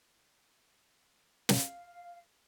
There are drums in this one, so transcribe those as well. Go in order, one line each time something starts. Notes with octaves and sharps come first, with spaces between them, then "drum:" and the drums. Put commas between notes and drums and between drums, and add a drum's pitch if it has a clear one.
F5, drum: snare